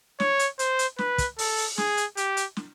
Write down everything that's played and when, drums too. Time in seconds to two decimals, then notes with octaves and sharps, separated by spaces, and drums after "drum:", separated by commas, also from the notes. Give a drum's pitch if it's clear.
0.20 C#5, drum: snare
0.39 drum: hi-hat
0.59 C5, drum: hi-hat
0.79 drum: hi-hat
0.98 B4, drum: snare
1.18 drum: kick, hi-hat
1.39 A4, drum: open hi-hat
1.58 drum: open hi-hat
1.78 G#4, drum: snare
1.97 drum: hi-hat
2.17 G4, drum: hi-hat
2.37 drum: hi-hat
2.57 drum: snare